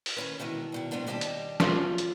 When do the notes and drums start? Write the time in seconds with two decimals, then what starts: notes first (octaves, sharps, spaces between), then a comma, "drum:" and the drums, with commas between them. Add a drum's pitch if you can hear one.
0.06 drum: open hi-hat
0.17 D#3 C#4 B4
0.40 B2 D#3 E3 G#3
0.72 E2 B2 D#3
0.91 G#2 B2 F#3 B3 D4
1.06 D#2 G3 G4 D#5 G#5 A5
1.21 drum: hi-hat
1.60 F#3 B3 F4, drum: snare
1.98 drum: hi-hat